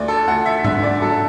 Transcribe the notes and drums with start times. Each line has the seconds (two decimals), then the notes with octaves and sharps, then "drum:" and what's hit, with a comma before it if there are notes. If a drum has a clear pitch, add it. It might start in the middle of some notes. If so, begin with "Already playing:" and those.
Already playing: D2 D5
0.08 A4
0.27 D2 F#5
0.46 E5
0.64 D3 E5, drum: tom G#2
0.83 D5
1.02 F#3 A4